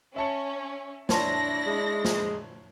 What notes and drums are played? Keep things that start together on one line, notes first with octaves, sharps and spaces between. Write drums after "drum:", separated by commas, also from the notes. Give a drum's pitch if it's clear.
C#4 E5 A5 C#7
D4 E4 C#5 A5 C6 A#6, drum: snare
G#3
drum: snare